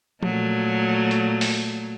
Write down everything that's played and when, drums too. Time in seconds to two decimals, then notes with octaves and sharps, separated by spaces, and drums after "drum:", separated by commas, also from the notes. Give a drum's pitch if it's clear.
0.23 A#2 F#3 A3, drum: tom F3
1.11 drum: hi-hat
1.41 drum: open hi-hat